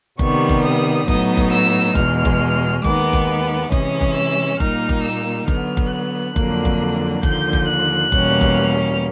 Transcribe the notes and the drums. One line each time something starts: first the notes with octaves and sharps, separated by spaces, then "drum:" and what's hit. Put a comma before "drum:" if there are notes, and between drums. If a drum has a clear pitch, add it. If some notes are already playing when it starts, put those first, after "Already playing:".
C3 D#3 G3 B3 C#6, drum: kick F#1
drum: kick F#1
D#6
A2 F#3 B3 D#4 D#6, drum: kick F#1
drum: kick F#1
E6
E2 B2 G#3 F6, drum: kick F#1
drum: kick F#1
D#2 D#3 G#3 B3 D6, drum: kick F#1
drum: kick F#1
D6
C3 E3 G#3 C#4 D#6, drum: kick F#1
drum: kick F#1
E6
A#2 G3 A#3 D#4 F6, drum: kick F#1
drum: kick F#1
E6
D3 F#3 B3 F6, drum: kick F#1
drum: kick F#1
F#6
F2 D3 F#3 A#3 D4, drum: kick F#1
drum: kick F#1
D#2 D3 F3 G6, drum: kick F#1
drum: kick F#1
F#6
E2 B2 G3 A#3 C#4, drum: kick F#1
drum: kick F#1
F6